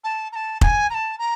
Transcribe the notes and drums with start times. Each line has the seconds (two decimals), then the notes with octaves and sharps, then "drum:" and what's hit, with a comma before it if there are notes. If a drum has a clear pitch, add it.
0.04 A5
0.32 A#5
0.35 A5
0.61 G#5, drum: kick F1
0.90 A#5
0.94 A5
1.18 A#5